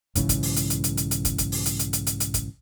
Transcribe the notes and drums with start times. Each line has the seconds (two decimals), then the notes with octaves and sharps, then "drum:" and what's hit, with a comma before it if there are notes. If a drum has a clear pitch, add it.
0.15 B1 G#2 C#3 E3, drum: kick, hi-hat
0.29 drum: kick, hi-hat
0.43 drum: open hi-hat
0.56 drum: hi-hat
0.70 drum: hi-hat
0.84 drum: hi-hat
0.97 drum: hi-hat
1.11 drum: hi-hat
1.25 drum: kick, hi-hat
1.38 drum: kick, hi-hat
1.52 drum: open hi-hat
1.66 drum: hi-hat
1.79 drum: hi-hat
1.93 drum: hi-hat
2.07 drum: hi-hat
2.20 drum: hi-hat
2.34 drum: kick, hi-hat